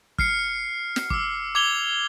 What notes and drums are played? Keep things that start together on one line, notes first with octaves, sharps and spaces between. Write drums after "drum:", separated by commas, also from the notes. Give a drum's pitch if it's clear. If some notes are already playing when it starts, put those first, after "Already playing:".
F6 C7 C#7, drum: kick F#1
drum: snare
D6 E6, drum: kick F#1
D6 G#6 F7 G7